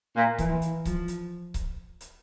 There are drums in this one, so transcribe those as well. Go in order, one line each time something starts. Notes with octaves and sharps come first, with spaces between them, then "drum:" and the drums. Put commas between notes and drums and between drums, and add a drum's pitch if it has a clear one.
A#2
E3, drum: kick C#1, hi-hat
drum: hi-hat
F3, drum: kick C#1, hi-hat
drum: hi-hat
drum: kick C#1, hi-hat
drum: hi-hat